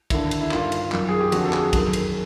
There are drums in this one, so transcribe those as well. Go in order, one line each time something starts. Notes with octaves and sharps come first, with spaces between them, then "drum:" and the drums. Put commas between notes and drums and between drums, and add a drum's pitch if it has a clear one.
D#2 D3 E4, drum: kick, cymbal
drum: cymbal
E4
G2 D#3 F4, drum: clap
drum: cymbal
F#2 D#3, drum: clap
G#4
G4
F2 D3 F#4, drum: cymbal
A4
G#4, drum: clap
F#2 D#3, drum: kick, cymbal
drum: cymbal